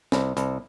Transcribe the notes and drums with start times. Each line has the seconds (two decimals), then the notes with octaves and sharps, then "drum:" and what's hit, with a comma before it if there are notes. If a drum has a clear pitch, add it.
0.12 C2, drum: snare
0.37 C2, drum: hi-hat